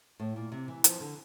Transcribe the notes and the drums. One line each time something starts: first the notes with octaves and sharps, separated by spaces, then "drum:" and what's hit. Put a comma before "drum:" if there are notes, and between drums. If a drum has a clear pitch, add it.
A2
A#2
C3
E3
F3, drum: hi-hat
D3